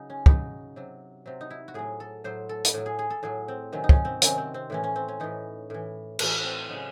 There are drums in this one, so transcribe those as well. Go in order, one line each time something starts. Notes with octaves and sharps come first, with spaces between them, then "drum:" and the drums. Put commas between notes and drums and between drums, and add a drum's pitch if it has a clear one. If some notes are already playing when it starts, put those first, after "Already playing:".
Already playing: C#3 F#3 D#4
C#4
C#3 F#3 D#4, drum: kick
C3 F#3
C3 F#3
D#4
E4
F#4
A2 F#3 G#4
A4
A2 F#3 C5
A4
drum: hi-hat
A2 F#3
G#4
G#4
A4
A2 F#3 G#4
C4
C3 D#3 F#3 C#4
D#4
C#4, drum: kick
C4
C3 D#3 F#3 C#4, drum: hi-hat
C4
C4
A2 E3 C#4
C#4
C4
C#4
A2 E3 D#4
A2 E3
A2 E3, drum: cymbal
C4
C#3 F#3 D#4